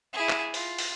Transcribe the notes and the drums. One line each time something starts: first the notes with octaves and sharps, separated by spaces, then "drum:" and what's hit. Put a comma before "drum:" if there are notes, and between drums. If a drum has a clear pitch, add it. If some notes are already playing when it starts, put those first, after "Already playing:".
E4 G#4
drum: clap
F4, drum: open hi-hat
drum: open hi-hat